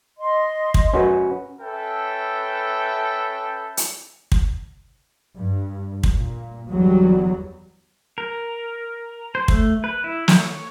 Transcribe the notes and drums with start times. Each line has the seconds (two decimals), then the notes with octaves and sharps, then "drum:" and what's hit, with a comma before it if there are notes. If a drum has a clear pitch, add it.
0.18 D#5 C6
0.74 drum: kick
0.94 C#4 F#4 B4
1.61 C#4 A4 B4 E5 G5
3.77 drum: hi-hat
4.32 drum: kick
5.38 G2
6.03 drum: kick
6.15 A#2
6.69 G1 E2 F#3 G3
8.18 A#4
9.35 C5
9.48 A3, drum: kick
9.84 B4
10.04 E4
10.28 C#5, drum: snare